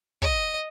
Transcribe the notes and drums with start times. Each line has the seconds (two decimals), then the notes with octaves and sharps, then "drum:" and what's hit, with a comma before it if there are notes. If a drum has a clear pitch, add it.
0.22 D#5, drum: kick